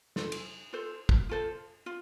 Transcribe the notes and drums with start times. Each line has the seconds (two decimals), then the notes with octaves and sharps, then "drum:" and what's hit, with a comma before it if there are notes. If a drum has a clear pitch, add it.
0.16 F4 A4 C5, drum: snare
0.32 drum: cymbal
0.73 F4 A4 C5
1.09 drum: kick
1.29 F4 A4 C5
1.86 F4